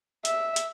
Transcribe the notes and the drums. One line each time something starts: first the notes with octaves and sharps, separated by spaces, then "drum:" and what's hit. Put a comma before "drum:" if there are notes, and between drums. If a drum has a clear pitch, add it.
E5, drum: hi-hat
drum: hi-hat